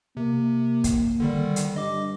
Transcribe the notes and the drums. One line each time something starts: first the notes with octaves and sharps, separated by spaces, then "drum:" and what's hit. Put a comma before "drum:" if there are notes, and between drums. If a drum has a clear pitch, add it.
C3 A#3
drum: kick, hi-hat
D3 D#3 G3
drum: hi-hat
G2 D#5 D6